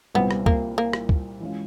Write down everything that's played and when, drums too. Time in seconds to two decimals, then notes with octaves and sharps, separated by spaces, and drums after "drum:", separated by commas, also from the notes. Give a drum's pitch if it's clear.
0.15 C2 A#2 G3 B3 C4
0.31 drum: rim click
0.46 A#3, drum: kick C#2
0.78 A#3
0.93 drum: rim click
1.09 drum: kick C#2
1.40 E3 G#3 C#4 F4